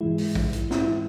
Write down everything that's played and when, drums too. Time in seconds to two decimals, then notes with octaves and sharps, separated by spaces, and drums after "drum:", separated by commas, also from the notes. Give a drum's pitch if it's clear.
0.01 G#2 E3 G#3 E4
0.18 drum: open hi-hat
0.35 drum: kick A1
0.53 drum: hi-hat
0.71 E4, drum: snare
0.82 E4